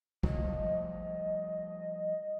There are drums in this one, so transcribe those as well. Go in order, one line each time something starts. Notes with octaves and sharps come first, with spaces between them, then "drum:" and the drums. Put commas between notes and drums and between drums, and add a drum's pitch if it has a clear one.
F3 G3 A3 D#5, drum: kick